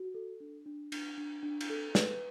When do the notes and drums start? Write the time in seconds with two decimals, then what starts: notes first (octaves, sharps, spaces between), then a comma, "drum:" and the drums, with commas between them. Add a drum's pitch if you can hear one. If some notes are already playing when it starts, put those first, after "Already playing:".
Already playing: F#4
0.14 A4
0.40 D4
0.66 D4
0.92 D4, drum: cymbal
1.18 D4
1.43 D4
1.61 drum: cymbal
1.70 A4
1.95 B4, drum: snare